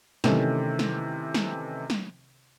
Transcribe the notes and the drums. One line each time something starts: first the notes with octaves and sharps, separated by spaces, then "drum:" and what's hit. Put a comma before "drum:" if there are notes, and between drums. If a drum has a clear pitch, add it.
C3 D#3 E3 A3 C#4, drum: snare
drum: snare
drum: snare
drum: snare